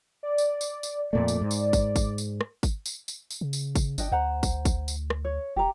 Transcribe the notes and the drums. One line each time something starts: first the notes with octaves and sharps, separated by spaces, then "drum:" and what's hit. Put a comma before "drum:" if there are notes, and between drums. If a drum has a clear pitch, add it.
D5
drum: tambourine
drum: tambourine
drum: tambourine
F2 A#2 A3 D5
drum: tambourine
G#2
drum: tambourine
drum: kick, tambourine
drum: kick, tambourine
drum: tambourine
drum: rim click
drum: kick, tambourine
drum: tambourine
drum: tambourine
drum: tambourine
C#3
drum: tambourine
drum: kick, tambourine
G1 D4 D#5 G5, drum: tambourine
D2 C5 F#5 A#5
drum: kick, tambourine
drum: kick, tambourine
drum: tambourine
drum: rim click
C#5
E1 G4 A#5